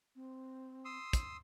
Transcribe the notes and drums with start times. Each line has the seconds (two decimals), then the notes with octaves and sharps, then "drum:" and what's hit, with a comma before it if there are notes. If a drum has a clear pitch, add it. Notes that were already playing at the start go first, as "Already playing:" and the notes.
0.16 C4
0.85 C6 D#6 E6
1.13 drum: kick, hi-hat